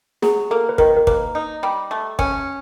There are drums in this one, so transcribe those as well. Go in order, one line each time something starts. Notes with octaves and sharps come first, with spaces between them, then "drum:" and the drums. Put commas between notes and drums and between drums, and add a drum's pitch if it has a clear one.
F#3 G#4, drum: snare
A#3 A4
B4
D#3 A#4, drum: kick
A#4
A#3 B4, drum: kick
D#4
G3
A3
C#4, drum: kick